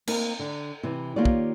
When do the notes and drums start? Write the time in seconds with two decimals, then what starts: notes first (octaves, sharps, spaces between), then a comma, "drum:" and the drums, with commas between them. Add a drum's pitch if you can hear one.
0.07 A#3 C4 D#4 A#4, drum: cymbal
0.39 D3
0.83 C3 E3
1.16 D#3 A#3 F4 G4 C#5 D5
1.25 drum: kick